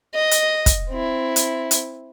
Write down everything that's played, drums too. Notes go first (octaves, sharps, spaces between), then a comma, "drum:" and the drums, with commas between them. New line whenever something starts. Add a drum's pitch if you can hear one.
D#5
drum: hi-hat
drum: kick, hi-hat
C4 E4
drum: hi-hat
drum: hi-hat